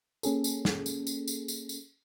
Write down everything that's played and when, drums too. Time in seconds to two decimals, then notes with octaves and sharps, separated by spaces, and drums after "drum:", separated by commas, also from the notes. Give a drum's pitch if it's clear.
0.23 A#3 C#4 G#4 A4, drum: tambourine
0.44 drum: tambourine
0.65 drum: snare
0.86 drum: tambourine
1.07 drum: tambourine
1.28 drum: tambourine
1.48 drum: tambourine
1.69 drum: tambourine